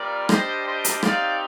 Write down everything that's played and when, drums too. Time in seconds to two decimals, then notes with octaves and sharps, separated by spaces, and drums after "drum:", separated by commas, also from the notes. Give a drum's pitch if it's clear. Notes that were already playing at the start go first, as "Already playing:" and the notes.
Already playing: G3 C4 F4 A#4 D5
0.29 G3 D4 G4 C5 D#5, drum: rim click
0.66 C5 D#5
0.84 drum: hi-hat
1.03 C4 D#4 G4 D5 F5, drum: rim click